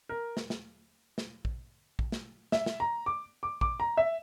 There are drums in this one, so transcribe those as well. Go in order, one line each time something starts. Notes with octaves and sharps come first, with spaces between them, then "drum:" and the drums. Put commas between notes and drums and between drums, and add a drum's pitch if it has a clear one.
A#4
drum: snare
drum: snare
drum: snare
drum: kick
drum: kick
drum: snare
E5, drum: snare
drum: snare
A#5
D6
D6
D6, drum: kick
A#5
E5